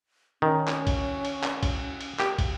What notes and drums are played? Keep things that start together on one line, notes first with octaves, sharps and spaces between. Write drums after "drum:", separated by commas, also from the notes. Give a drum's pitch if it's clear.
D#3 C#4
drum: clap
drum: kick, cymbal
drum: cymbal
drum: clap
drum: kick, cymbal
drum: cymbal
G4, drum: clap
drum: kick, cymbal